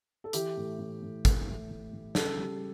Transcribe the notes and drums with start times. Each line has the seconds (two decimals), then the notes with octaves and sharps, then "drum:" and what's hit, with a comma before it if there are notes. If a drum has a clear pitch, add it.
0.24 A4
0.33 E3 G4, drum: hi-hat
0.57 A2
0.79 A2
1.02 A2
1.25 A2, drum: kick G#1, hi-hat
1.48 A2
1.70 A2
1.93 A2
2.15 C#3 A4, drum: snare
2.37 G3